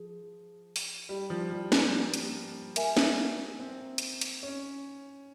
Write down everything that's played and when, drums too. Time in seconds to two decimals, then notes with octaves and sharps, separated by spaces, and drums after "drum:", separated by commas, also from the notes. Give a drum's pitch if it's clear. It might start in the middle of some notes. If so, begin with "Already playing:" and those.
Already playing: F3 G#4
0.76 drum: open hi-hat
1.09 G3
1.30 F3
1.51 G3
1.72 A#3, drum: snare
2.14 drum: hi-hat
2.76 A#4 E5 G#5, drum: hi-hat
2.97 drum: snare
3.59 C4
3.98 drum: hi-hat
4.21 drum: hi-hat
4.43 C#4